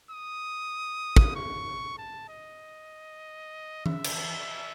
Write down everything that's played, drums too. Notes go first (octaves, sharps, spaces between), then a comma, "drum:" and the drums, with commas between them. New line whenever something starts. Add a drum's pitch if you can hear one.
D#6
drum: kick
C#6
A5
D#5
E5, drum: tom E3
drum: cymbal